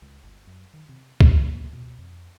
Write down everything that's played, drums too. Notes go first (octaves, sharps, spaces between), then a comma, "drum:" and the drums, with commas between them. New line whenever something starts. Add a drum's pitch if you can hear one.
C#2
G1
F#2
D#3
C3
F#3, drum: kick
A#3
B2
F2